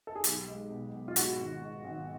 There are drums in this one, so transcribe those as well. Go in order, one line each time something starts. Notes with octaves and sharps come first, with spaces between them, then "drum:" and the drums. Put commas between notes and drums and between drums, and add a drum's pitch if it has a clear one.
A4
G#4
B1 G4, drum: hi-hat
G#3
B2
B2
F4
G#2 F#4, drum: hi-hat
G#1
G#2
G#1